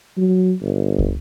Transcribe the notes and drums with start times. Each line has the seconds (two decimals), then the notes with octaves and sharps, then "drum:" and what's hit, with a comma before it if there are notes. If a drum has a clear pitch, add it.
0.17 F#3
0.61 G1
0.99 drum: kick